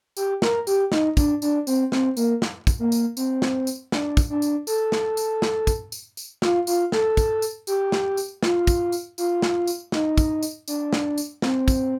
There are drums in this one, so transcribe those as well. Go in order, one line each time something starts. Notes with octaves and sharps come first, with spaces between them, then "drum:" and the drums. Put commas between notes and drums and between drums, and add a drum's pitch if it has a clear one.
G4, drum: tambourine
A#4, drum: snare
G4, drum: tambourine
D#4, drum: snare
D4, drum: kick, tambourine
D4, drum: tambourine
C4, drum: tambourine
C4, drum: snare
A#3, drum: tambourine
drum: snare
drum: kick, tambourine
A#3
drum: tambourine
C4, drum: tambourine
drum: snare
drum: tambourine
D4, drum: snare
drum: kick, tambourine
D4
drum: tambourine
A4, drum: tambourine
drum: snare
drum: tambourine
drum: snare
drum: kick, tambourine
drum: tambourine
drum: tambourine
F4, drum: snare
F4, drum: tambourine
A4, drum: snare
drum: kick, tambourine
drum: tambourine
G4, drum: tambourine
drum: snare
drum: tambourine
F4, drum: snare
drum: kick, tambourine
drum: tambourine
F4, drum: tambourine
drum: snare
drum: tambourine
D#4, drum: snare
drum: kick, tambourine
drum: tambourine
D4, drum: tambourine
drum: snare
drum: tambourine
C4, drum: snare
drum: kick, tambourine